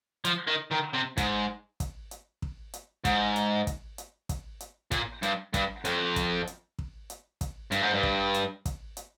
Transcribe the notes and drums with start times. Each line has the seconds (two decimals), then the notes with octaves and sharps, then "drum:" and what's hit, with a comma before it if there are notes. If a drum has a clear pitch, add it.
0.25 F3, drum: hi-hat
0.48 D#3
0.71 D#3
0.94 C3
1.17 G#2, drum: kick, hi-hat
1.80 drum: kick, hi-hat
2.11 drum: hi-hat
2.42 drum: kick
2.74 drum: hi-hat
3.05 G#2, drum: kick, hi-hat
3.36 drum: hi-hat
3.67 drum: kick, hi-hat
3.98 drum: hi-hat
4.29 drum: kick, hi-hat
4.60 drum: hi-hat
4.91 A#2, drum: kick, hi-hat
5.23 G2, drum: hi-hat
5.54 G2, drum: kick, hi-hat
5.85 F2, drum: hi-hat
6.16 drum: kick, hi-hat
6.47 drum: hi-hat
6.79 drum: kick
7.10 drum: hi-hat
7.41 drum: kick, hi-hat
7.72 G2, drum: hi-hat
7.83 G#2
7.94 G2
8.03 drum: kick
8.34 drum: hi-hat
8.65 drum: kick, hi-hat
8.97 drum: hi-hat